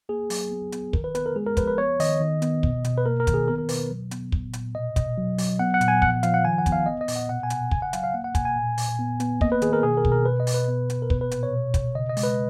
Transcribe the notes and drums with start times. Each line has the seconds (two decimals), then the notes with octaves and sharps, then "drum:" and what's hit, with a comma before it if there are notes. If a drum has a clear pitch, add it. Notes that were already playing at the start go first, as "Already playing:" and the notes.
0.09 A#3 G#4
0.30 F#3, drum: open hi-hat
0.51 B3
0.72 B3, drum: hi-hat
0.93 D#3 A#4, drum: kick
1.04 B4
1.15 B3 B4, drum: hi-hat
1.26 A#4
1.36 G#3 G#4
1.46 A#4
1.57 F3 B4, drum: kick, hi-hat
1.67 B4
1.78 B3 C#5
2.00 D#3 D#5, drum: open hi-hat
2.21 D#3
2.42 B3, drum: hi-hat
2.63 B2, drum: kick
2.84 B2, drum: hi-hat
2.98 B4
3.06 A#3 A#4
3.20 A#4
3.27 D#3, drum: kick, hi-hat
3.34 G#4
3.48 B3 A#4
3.58 A#4
3.69 B2 B4, drum: open hi-hat
3.90 F#3
4.11 B3, drum: hi-hat
4.32 A#2, drum: kick
4.53 A#2, drum: hi-hat
4.74 B2 D#5
4.96 B2 D#5, drum: kick, hi-hat
5.18 F#3
5.38 F#3, drum: open hi-hat
5.59 B3 F#5
5.74 F#5
5.81 A#2, drum: hi-hat
5.88 G#5
6.02 F3 F#5, drum: kick
6.23 F3 F5, drum: hi-hat
6.34 F#5
6.44 D#3 G#5
6.58 F#5
6.66 B3, drum: kick, hi-hat
6.72 F5
6.86 B3 D#5
7.01 D#5
7.08 A#2, drum: open hi-hat
7.16 F#5
7.29 B2 F#5
7.43 G#5
7.50 B2, drum: hi-hat
7.57 F#5
7.71 C#3 G#5, drum: kick
7.82 F#5
7.93 F#3 F5, drum: hi-hat
8.04 F5
8.14 A#3 F#5
8.24 F#5
8.35 B2 G#5, drum: kick, hi-hat
8.45 G#5
8.56 A#2
8.78 A#2, drum: open hi-hat
8.99 B3
9.20 B3, drum: hi-hat
9.41 A#3 D#5, drum: kick
9.52 B4
9.62 D#3 G#4, drum: hi-hat
9.73 A#4
9.83 B2 G#4
9.97 A#4
10.05 B2, drum: kick
10.12 A#4
10.25 B2 B4
10.40 D#5
10.47 B2, drum: open hi-hat
10.54 B4
10.68 B3
10.90 B2, drum: hi-hat
11.02 A#4
11.10 B3 B4, drum: kick
11.21 B4
11.31 A#2 B4, drum: hi-hat
11.43 C#5
11.53 B2
11.74 B2, drum: kick, hi-hat
11.95 C#3 D#5
12.09 D#5
12.17 G#3, drum: open hi-hat
12.23 B4